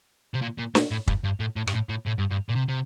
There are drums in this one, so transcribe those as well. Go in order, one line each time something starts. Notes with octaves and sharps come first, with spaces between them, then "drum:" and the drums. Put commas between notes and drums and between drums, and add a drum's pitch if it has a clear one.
C3
A#2
A#2
A#2, drum: snare
A2
G2, drum: kick
G2
A2
A2
G2, drum: rim click
A2
A2
A2
G2
G2
A#2
C3
C3